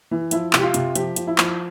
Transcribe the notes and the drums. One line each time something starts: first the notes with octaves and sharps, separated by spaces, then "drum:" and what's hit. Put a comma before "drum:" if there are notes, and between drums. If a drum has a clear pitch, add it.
E3
F3 E4, drum: hi-hat
C3, drum: clap
G4
F4
C3, drum: hi-hat
F3 G4, drum: hi-hat
F3, drum: hi-hat
E4
F3, drum: clap